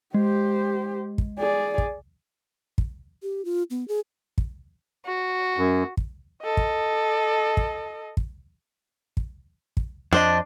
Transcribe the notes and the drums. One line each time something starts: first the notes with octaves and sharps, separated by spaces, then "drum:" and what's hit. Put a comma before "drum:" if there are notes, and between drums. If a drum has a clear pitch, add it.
G#3 G4 C5
drum: kick
G#4 D5
drum: kick
drum: kick
G4
F4
B3
G#4
drum: kick
F#4
F#2
drum: kick
A4 D#5
drum: kick
drum: kick
drum: kick
drum: kick
drum: kick
F2 D4 C5 D#5